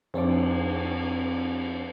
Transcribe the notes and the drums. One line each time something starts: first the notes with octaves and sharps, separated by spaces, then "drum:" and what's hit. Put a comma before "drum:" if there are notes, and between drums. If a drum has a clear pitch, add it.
F2 C4 A5 D6, drum: cymbal